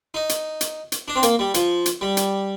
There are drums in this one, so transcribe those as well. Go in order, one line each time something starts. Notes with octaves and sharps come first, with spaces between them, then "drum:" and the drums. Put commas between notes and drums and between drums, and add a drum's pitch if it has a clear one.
D#4
drum: hi-hat
drum: hi-hat
drum: hi-hat
D4
C4
A#3, drum: hi-hat
G3
F3, drum: hi-hat
drum: hi-hat
G3
drum: hi-hat